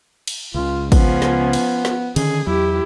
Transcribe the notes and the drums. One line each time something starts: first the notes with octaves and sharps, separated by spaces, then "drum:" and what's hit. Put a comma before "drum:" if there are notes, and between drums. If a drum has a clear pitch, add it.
drum: cymbal
C#2 C#3 F4
F3 B3 C#4, drum: kick, cymbal
drum: snare
drum: cymbal
drum: snare
D3 D#3 C#4 G#4, drum: cymbal
E2 F#3 E4 G4